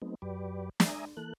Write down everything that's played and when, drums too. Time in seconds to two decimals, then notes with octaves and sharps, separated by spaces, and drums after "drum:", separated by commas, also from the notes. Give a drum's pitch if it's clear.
0.02 F#3 A3 B3 C4 D#4
0.22 F#2 F#3 G4 B4 D5
0.80 D5 E5 G#5 A#5 D#6, drum: snare
1.17 E3 A#3 A4 F#6